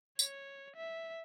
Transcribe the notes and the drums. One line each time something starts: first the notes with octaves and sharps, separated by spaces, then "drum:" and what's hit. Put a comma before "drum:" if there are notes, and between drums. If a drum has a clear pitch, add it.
C#5, drum: tambourine
E5